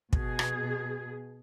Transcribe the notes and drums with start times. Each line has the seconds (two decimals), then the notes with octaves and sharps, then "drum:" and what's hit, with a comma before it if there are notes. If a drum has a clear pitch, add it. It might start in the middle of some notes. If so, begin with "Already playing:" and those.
0.13 B2 G#4, drum: kick
0.39 drum: rim click